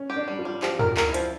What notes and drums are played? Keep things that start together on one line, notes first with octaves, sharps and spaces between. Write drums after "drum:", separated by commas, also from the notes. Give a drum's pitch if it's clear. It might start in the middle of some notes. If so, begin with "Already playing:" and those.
Already playing: C#4
G4
D4
G3
F4
G3
F3 G4, drum: clap
A#4, drum: tom
F4
A#4, drum: clap
E4
F3, drum: hi-hat